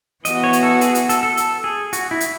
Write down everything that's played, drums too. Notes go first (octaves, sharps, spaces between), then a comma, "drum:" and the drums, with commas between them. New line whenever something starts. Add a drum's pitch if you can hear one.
E3 B3 F#4 B4 D#5, drum: hi-hat
C#5
drum: hi-hat
A4
G#4, drum: hi-hat
drum: hi-hat
A4, drum: hi-hat
A4
A4, drum: hi-hat
G#4
F#4, drum: hi-hat
E4
drum: hi-hat